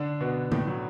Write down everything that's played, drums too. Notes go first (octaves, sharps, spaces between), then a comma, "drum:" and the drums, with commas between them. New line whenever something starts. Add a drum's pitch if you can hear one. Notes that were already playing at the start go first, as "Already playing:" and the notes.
Already playing: D3 D4
B2 B3
A2 A3, drum: tom D3
F#3